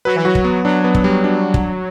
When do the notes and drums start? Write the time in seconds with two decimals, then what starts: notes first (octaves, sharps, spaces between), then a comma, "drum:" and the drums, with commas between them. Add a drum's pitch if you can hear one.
0.05 F#3 B4
0.16 E3
0.25 F#3 F#4
0.35 drum: kick
0.45 B3
0.65 F#3 D4
0.84 B3
0.95 drum: kick
1.04 G3
1.24 D4
1.54 drum: kick